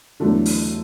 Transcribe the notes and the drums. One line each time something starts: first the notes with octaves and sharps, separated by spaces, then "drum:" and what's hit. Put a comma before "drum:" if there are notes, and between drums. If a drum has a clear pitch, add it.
E2 D3 F#3 A3 D4
drum: open hi-hat